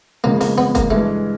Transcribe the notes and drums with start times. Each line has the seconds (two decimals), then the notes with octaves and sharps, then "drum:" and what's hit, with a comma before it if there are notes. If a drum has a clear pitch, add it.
0.24 F2 C#3 F3 G#3 A#3 C#4
0.41 A#3, drum: open hi-hat
0.58 B3
0.75 A#3, drum: kick F#1, hi-hat
0.91 G2 E3 G#3 A3